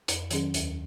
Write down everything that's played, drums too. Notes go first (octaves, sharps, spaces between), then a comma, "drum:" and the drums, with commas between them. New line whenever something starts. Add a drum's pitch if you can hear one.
F2, drum: hi-hat
D#3 F#3 C#4 G#4, drum: hi-hat
D#2, drum: hi-hat